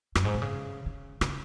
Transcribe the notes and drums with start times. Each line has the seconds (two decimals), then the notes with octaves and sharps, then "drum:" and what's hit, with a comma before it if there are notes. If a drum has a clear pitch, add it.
0.15 F#2, drum: rim click
0.25 G#2
0.34 B2
0.42 C#3
0.86 C#3
1.21 C#3, drum: rim click